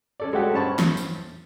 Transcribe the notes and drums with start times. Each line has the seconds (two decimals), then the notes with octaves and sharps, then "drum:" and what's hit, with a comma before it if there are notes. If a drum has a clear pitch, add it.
0.20 C#4 A4 D5
0.33 G#3 A3 F#4 G4 A4
0.53 G2 C#4 C5 A5 B5 C#6
0.79 drum: snare
0.97 drum: tambourine